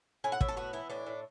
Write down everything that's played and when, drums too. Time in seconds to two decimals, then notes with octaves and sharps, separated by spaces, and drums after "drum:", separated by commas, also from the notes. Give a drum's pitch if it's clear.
0.24 A2 G#5
0.32 F#5
0.41 A2 E5, drum: kick
0.48 A4
0.57 B3 F#4
0.73 E3 E4
0.90 A2 D4
1.06 A2